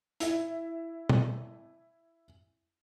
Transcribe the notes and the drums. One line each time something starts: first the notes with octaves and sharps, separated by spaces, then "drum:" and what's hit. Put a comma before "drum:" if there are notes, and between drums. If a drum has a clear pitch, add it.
E4 E5, drum: hi-hat
drum: tom B2